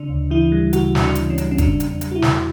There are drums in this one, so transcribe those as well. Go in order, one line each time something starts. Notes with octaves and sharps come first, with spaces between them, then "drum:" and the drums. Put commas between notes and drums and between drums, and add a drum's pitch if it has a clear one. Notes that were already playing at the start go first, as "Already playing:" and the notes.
Already playing: C#3 D4
D2
E3 E4
G3
C#3 F#4, drum: hi-hat
D2, drum: snare
D4
E3, drum: hi-hat
C#4
G3, drum: hi-hat
C#4
C#3 D4, drum: kick G1, hi-hat
E2, drum: hi-hat
D4
G3, drum: hi-hat
F#4
E4
E2, drum: snare